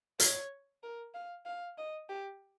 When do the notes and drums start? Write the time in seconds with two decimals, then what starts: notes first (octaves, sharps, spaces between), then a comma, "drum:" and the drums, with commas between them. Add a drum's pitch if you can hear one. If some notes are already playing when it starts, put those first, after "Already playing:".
0.20 C#5, drum: hi-hat
0.83 A#4
1.14 F5
1.45 F5
1.78 D#5
2.09 G4